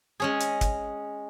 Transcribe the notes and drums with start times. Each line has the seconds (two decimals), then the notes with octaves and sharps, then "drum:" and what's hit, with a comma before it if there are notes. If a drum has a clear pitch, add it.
0.20 G#3 C#4 G#4
0.40 drum: hi-hat
0.61 drum: kick, hi-hat